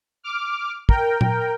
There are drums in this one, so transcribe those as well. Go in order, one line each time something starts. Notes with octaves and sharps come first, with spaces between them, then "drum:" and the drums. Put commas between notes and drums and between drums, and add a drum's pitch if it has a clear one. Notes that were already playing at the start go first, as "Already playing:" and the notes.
D6 F6
A#4 G5, drum: kick
drum: tom A#2